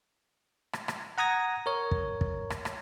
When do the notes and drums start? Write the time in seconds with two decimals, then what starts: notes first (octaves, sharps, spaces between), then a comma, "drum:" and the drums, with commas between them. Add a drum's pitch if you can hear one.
0.73 drum: rim click
0.88 drum: rim click
1.18 F#5 A#5 D#6 G#6 A#6
1.66 A#4 C#5
1.91 drum: kick
2.21 drum: kick
2.50 drum: rim click
2.65 drum: rim click